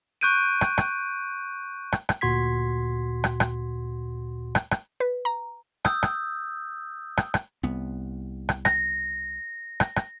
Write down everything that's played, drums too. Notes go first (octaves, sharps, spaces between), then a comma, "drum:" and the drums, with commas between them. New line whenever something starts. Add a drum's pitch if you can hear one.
C#6 F#6 G6 D7 D#7
drum: rim click
drum: rim click
drum: rim click
drum: rim click
D2 A#2 F#4 C6 G#6 B6
drum: rim click
drum: rim click
drum: rim click
drum: rim click
B4
A#5
D#6 E6 G6, drum: rim click
drum: rim click
drum: rim click
drum: rim click
C2 B3
drum: rim click
A#6, drum: rim click
drum: rim click
drum: rim click